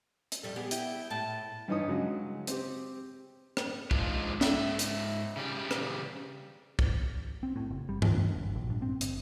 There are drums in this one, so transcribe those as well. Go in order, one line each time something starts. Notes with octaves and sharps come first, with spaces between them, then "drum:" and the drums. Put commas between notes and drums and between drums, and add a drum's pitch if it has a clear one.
drum: hi-hat
F2 G3 A4
B3 G4 G#4
E4 G5, drum: hi-hat
A2 A5
G2 E3 D#4 C#5 D#6
C#3 F#3 G#3
C4 G4, drum: hi-hat
drum: rim click
G#2 F3 G#3 D4 F4, drum: kick
G#2 D#3 E5, drum: snare
drum: hi-hat
C#3 G3 G4
drum: rim click
drum: kick
C4
A2
F#1
G3
D2, drum: tom G2
G2
G1
A#1
G2
C4
G1, drum: hi-hat